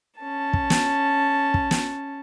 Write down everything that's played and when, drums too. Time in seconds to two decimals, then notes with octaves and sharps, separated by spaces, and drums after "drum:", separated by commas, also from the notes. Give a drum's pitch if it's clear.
0.20 C#4 A5
0.53 drum: kick
0.70 drum: snare
1.54 drum: kick
1.71 drum: snare